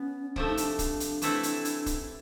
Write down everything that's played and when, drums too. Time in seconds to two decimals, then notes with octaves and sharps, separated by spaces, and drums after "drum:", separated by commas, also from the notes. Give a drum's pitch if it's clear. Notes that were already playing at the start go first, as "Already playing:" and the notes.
Already playing: B3 C#4
0.36 C3 F3 A3 D4, drum: kick
0.46 D#4
0.57 D4, drum: hi-hat
0.79 drum: kick, hi-hat
1.00 drum: hi-hat
1.22 E3 A3 C4 E4, drum: hi-hat
1.43 drum: hi-hat
1.65 drum: hi-hat
1.86 drum: kick, hi-hat